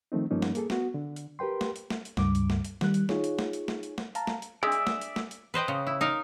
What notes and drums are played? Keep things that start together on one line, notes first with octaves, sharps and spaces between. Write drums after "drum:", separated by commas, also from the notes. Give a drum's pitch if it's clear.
D#3 F3 A3 C4 D#4
G2 F3 G3 A#3 C#4 D#4
drum: snare
A#3 G#4 A4, drum: hi-hat
B3 F#4, drum: snare
D3
drum: hi-hat
G4 A#4 B4 G5 C6
drum: snare
drum: hi-hat
drum: snare
drum: hi-hat
C#2 G2 D6, drum: snare
drum: hi-hat
drum: snare
drum: hi-hat
D#3 G3 F#6, drum: snare
drum: hi-hat
D#4 F4 G#4 C#5, drum: snare
drum: hi-hat
drum: snare
drum: hi-hat
drum: snare
drum: hi-hat
drum: snare
F5 A5 A#5, drum: hi-hat
drum: snare
drum: hi-hat
G#3 D4 D5 E5 D#6
drum: hi-hat
drum: snare
drum: hi-hat
drum: snare
drum: hi-hat
B4 C5 D#5 G5
C#3
E4
D#4 A#4 F5